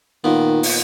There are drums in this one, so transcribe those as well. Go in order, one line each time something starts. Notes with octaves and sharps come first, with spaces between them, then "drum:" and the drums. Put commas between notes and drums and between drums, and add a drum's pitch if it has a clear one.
A#2 D#3 B3
drum: open hi-hat